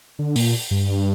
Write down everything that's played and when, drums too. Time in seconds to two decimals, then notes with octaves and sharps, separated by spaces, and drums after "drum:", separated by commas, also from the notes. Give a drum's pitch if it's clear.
0.19 D3
0.36 A#2, drum: open hi-hat
0.71 G2